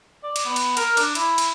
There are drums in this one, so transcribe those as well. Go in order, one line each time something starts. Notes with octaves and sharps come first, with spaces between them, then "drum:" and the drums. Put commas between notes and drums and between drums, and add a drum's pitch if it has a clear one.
D5
drum: cymbal
B3
drum: cymbal
A#4, drum: cymbal
D4, drum: cymbal
E4, drum: cymbal
drum: cymbal